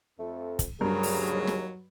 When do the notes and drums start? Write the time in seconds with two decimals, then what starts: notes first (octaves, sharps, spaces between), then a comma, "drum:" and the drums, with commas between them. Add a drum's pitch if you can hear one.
0.19 F2 A3
0.59 drum: kick, hi-hat
0.81 D2 G2 C#3 F#3 G#4 A#4
1.03 drum: open hi-hat
1.33 D#2
1.47 drum: snare